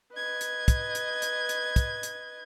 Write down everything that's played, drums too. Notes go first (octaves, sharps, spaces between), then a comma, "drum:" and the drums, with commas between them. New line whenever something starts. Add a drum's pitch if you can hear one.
B4 D#5 G#6
drum: hi-hat
drum: kick, hi-hat
drum: hi-hat
drum: hi-hat
drum: hi-hat
drum: kick, hi-hat
drum: hi-hat